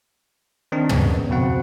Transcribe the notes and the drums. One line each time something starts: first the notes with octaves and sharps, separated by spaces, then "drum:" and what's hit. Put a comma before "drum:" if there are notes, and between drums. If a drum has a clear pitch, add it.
D#3 C4 D4 D#4
C#3 B3, drum: tom
F2 B2 C4 F#5